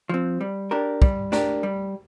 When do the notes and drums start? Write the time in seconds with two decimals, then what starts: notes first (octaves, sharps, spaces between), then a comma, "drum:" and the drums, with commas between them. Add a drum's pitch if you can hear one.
0.09 F3 C4
0.41 G3
0.71 D4 G4 A#4
1.02 G3, drum: kick
1.32 D4 G4 A#4, drum: snare
1.63 G3